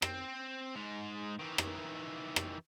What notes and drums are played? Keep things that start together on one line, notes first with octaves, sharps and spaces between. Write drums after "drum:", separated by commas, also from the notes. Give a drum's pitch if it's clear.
C4, drum: rim click
G#2 G#3
D#3 E3
drum: rim click
drum: rim click